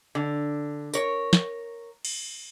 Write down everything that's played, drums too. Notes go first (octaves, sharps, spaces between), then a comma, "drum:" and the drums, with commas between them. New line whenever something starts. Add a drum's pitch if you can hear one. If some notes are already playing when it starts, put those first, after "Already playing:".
D3
A#4 C#5, drum: tambourine
drum: snare
drum: cymbal